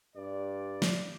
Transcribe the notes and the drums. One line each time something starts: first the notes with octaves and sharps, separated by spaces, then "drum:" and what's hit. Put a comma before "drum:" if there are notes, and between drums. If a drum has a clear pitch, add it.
G2 D5
drum: snare